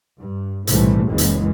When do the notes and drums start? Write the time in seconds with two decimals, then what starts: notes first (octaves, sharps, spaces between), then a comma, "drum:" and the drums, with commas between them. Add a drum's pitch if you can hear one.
0.19 G2
0.67 B1 A2 C3 E3 G3 A3, drum: hi-hat
1.09 F#1 C#2 F#2 A#2 E3 G#3
1.18 drum: hi-hat